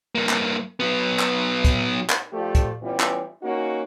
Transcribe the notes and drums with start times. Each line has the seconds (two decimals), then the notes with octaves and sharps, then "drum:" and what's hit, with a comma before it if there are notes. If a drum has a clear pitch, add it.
0.15 G2 A#3
0.29 drum: clap
0.80 F#3 B3
1.19 drum: clap
1.65 drum: kick, hi-hat
2.10 drum: clap
2.32 F3 A3 F4 G4 D5
2.55 drum: kick, hi-hat
2.82 E3 G3 B3 C#4 F4
3.00 drum: clap
3.42 A#3 C#4 D#4 F#4